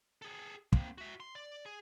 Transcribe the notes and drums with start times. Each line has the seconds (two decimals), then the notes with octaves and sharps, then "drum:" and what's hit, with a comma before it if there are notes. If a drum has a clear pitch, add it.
0.22 G#4 A4
0.73 A#3 C4, drum: kick
0.98 F#4 E5
1.20 C6
1.35 D5
1.66 G#4